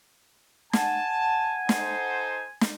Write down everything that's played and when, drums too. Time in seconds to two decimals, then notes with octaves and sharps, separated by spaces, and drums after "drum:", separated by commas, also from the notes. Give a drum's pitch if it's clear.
0.73 F#5 G#5 A5, drum: snare
1.69 D#4 A4 C5, drum: snare
2.61 drum: snare